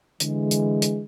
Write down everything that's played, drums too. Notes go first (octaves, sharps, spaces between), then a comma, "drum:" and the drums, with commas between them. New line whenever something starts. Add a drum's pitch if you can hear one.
D3 E3 G#3, drum: hi-hat
drum: hi-hat
drum: hi-hat